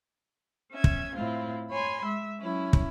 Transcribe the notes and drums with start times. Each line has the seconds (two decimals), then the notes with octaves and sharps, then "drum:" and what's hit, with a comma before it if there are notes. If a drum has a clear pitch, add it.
0.73 C#4 E5 G#6
0.84 drum: kick
1.16 A2 C4 E4 F4
1.70 C#5 G#5 B5 C6
2.02 G#3 E5
2.40 F#3 C#4 E4
2.73 drum: kick